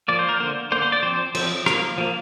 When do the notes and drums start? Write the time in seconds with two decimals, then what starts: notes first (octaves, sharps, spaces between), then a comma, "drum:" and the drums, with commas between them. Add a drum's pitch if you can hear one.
0.08 F3 A#3 D5
0.19 C5
0.29 A#4
0.40 D3 A#3 C5
0.72 D3 A#3 C5
0.82 C5
0.92 D5
1.03 F3 C4 C5
1.35 F3 C4, drum: cymbal
1.66 F3 A#3 A#4, drum: rim click
1.98 F3 A#3